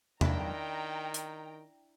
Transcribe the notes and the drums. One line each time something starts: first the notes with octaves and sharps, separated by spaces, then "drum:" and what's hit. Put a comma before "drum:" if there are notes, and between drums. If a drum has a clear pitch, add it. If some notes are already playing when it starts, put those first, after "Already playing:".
D#3 D4 E4 G5 A#5, drum: tom E2
drum: hi-hat